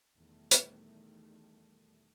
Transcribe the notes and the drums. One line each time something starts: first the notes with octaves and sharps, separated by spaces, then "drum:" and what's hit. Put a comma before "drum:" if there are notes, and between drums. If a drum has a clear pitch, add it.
E2 B2 D#3 G3 A3
drum: hi-hat